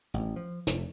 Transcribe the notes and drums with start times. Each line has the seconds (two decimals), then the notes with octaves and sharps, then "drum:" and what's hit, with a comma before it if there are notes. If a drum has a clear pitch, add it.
0.14 A1
0.36 F3
0.67 F1, drum: hi-hat